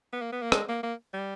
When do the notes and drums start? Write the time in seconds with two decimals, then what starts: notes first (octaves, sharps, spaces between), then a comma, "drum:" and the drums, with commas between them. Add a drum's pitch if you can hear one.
0.13 B3
0.22 A#3
0.32 B3
0.42 A#3
0.52 G#3, drum: rim click
0.69 A#3
0.83 A#3
1.14 G3